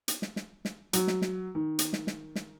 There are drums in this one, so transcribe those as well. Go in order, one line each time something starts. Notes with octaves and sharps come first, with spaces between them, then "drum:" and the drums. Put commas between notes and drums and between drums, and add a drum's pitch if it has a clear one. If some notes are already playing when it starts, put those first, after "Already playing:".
drum: hi-hat
drum: snare
drum: snare
drum: snare
F#3, drum: hi-hat
drum: snare
drum: snare
D#3
drum: hi-hat
drum: snare
drum: snare
drum: snare